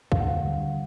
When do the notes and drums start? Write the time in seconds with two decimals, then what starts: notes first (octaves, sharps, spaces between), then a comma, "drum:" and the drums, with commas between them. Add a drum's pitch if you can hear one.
0.12 D2 F5, drum: kick
0.20 F#5
0.28 F5
0.45 D3 G3